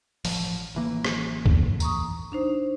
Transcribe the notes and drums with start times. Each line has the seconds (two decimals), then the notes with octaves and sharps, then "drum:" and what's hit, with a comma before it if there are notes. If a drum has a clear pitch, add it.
0.25 A1 F3, drum: open hi-hat
0.75 A1 E3 A#3
1.05 drum: rim click
1.46 drum: kick
1.80 A#5 C#6 D#6, drum: tambourine
2.32 D4 D#4 C5